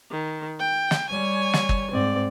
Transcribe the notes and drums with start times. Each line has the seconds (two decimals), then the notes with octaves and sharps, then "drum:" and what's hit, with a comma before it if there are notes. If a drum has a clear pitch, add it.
0.11 D#3
0.59 G5
0.91 drum: snare
1.11 G3 C#5 G#5
1.53 drum: snare
1.69 drum: kick
1.91 G#2 C4 D5